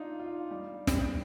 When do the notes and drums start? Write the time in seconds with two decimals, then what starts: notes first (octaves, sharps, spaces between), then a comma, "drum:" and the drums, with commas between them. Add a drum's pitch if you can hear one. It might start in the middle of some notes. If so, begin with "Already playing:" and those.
Already playing: D4 D#4 F4
0.19 F4
0.51 G3
0.87 drum: snare